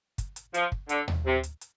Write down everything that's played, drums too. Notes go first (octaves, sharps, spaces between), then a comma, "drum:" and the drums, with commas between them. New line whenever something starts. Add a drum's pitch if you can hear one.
drum: kick, hi-hat
drum: hi-hat
F3, drum: hi-hat
drum: kick
D3, drum: hi-hat
drum: tom D#2
C3
drum: hi-hat
drum: hi-hat